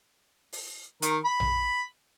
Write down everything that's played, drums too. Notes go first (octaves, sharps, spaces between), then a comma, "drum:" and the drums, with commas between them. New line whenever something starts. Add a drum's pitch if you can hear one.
drum: open hi-hat
D#3 A#4, drum: hi-hat
B5
drum: tom A#1